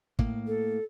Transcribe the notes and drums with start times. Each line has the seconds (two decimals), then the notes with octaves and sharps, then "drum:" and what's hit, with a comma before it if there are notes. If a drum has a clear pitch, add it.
0.19 A2 A#3, drum: kick
0.47 A4